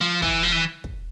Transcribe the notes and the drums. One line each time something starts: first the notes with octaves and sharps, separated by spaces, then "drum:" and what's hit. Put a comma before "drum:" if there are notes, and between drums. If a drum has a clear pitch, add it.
F3
E3, drum: kick
F3
E3
drum: kick